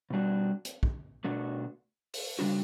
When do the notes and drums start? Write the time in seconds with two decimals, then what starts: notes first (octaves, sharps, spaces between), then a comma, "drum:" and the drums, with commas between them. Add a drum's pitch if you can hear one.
0.10 B2 G3 D4 F#4
0.65 drum: hi-hat
0.83 drum: kick
1.24 B2 A3 D4 F#4
2.14 drum: open hi-hat
2.39 C#3 G3 D4 F#4